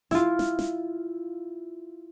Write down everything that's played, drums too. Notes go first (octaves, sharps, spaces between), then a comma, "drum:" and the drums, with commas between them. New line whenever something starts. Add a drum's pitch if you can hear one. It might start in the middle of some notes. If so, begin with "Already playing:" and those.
E4 F4, drum: snare
drum: snare
drum: snare